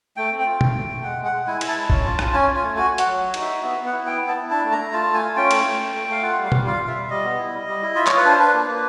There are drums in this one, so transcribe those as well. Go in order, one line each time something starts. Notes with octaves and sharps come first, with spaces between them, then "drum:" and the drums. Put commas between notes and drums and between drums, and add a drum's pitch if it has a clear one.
A3 G5
C4
G5
F4
A3, drum: tom B2
A3
A3
G#3 F#5
G#3
F#5
G#3
E4 G#5
E4, drum: cymbal
A5
G#3
C#4, drum: kick B1
F4
F4, drum: rim click
C#4 G#5
F4
G#5
A3
F#4 G#5
F#4
F#5, drum: hi-hat
F#3
F#4
D#4, drum: cymbal
E5
F#4
B3 E5
B3
F#5
E4
B3 G5
E4
A5
E4
D4 A5
A3
A#5
A3
F4 A5
A3
G#5
F4
C#4 G5
A3, drum: cymbal
A3
A3
A3
A3 F5
F4 F#5
G3
F5
G3, drum: tom B2
F4 F5
F4
E5
G3
G3 D#5
B3
E4
G3
G3
E4
F4 E5
F4 C#5, drum: clap
B4
D4 C5
D4 B4
A#3
A#3